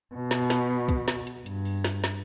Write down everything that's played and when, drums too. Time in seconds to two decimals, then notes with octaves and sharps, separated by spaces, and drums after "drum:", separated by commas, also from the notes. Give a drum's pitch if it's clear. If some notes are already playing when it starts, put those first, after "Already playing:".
0.15 B2
0.31 drum: snare
0.50 drum: snare
0.89 drum: kick, hi-hat
1.08 drum: snare
1.27 drum: hi-hat
1.46 G2, drum: hi-hat
1.65 drum: open hi-hat
1.84 drum: snare
2.04 drum: snare